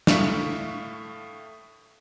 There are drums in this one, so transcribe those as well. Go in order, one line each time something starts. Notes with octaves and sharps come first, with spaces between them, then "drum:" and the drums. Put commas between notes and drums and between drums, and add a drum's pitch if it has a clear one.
A2 A3 E5 F5 C#6 B6, drum: snare